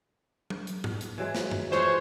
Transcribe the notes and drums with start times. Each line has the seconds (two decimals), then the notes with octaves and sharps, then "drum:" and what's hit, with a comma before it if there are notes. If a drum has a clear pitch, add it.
0.50 drum: tom F#3
0.67 drum: hi-hat
0.84 drum: tom G#2
1.01 drum: hi-hat
1.18 E3 F#3 G#3
1.35 drum: snare
1.51 drum: tom G2
1.72 E3 F3 G#3 C5 C#5